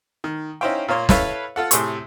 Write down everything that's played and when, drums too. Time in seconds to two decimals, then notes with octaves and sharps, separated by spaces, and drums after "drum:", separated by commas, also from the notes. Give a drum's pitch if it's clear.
0.24 D#3
0.61 C#4 D#4 E4 C5 F5 G5
0.88 A#2 A#3 C#5 C6
1.09 E4 A4 B4 C#5 F5, drum: snare
1.56 F4 A4 F#5
1.71 A2 C3 G#4 A4 C6 C#6, drum: hi-hat